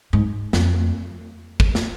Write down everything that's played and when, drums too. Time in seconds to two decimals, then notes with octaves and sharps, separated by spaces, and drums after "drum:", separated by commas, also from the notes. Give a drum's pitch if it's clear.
0.13 G#2
0.53 F2, drum: snare
1.60 drum: kick G#1
1.75 drum: snare